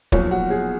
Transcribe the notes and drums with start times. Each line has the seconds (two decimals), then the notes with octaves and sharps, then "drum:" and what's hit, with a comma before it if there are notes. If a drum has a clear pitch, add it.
0.12 B1 A#2 F3 C#5, drum: kick
0.31 F#4
0.50 G#4